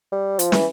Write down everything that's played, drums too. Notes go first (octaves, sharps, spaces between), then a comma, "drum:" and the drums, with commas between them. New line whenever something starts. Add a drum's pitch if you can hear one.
G3
F3, drum: hi-hat
E3, drum: snare